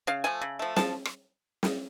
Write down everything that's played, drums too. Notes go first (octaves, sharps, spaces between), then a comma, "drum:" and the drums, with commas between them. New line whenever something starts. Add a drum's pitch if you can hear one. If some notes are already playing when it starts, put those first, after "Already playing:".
C#3 F5
F3 A3 G#5
C#3
F3 A3
F3 A5, drum: snare
drum: rim click
drum: snare